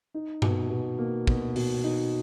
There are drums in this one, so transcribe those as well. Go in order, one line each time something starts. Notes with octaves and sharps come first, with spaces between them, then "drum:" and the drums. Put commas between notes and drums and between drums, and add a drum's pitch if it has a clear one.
D#4
B2, drum: tom G2
B2
A#3
B2, drum: kick
B2, drum: open hi-hat
D#4